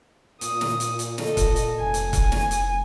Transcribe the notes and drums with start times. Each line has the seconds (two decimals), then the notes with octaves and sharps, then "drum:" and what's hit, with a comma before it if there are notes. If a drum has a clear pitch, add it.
0.41 A#2 D#6, drum: hi-hat
0.61 drum: snare
0.80 drum: hi-hat
0.99 drum: hi-hat
1.18 A4 D#5, drum: snare
1.37 drum: kick, hi-hat
1.56 drum: hi-hat
1.79 F1 G#5
1.94 drum: hi-hat
2.13 drum: kick, hi-hat
2.32 drum: snare
2.51 drum: hi-hat